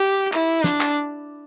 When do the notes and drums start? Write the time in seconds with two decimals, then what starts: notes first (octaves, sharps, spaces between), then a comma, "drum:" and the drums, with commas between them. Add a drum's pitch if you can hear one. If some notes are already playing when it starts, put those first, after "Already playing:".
Already playing: G4
0.33 E4, drum: clap
0.64 D4, drum: snare
0.81 drum: clap